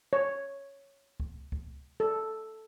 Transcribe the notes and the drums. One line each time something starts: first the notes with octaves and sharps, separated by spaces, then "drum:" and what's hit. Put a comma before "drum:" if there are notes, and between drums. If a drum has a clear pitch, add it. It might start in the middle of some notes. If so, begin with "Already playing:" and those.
C#5
drum: kick C#2
drum: kick C#2
A4